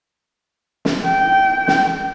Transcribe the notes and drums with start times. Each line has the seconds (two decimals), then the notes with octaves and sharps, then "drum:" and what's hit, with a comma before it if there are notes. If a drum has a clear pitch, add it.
0.85 drum: snare
1.06 G5
1.68 drum: snare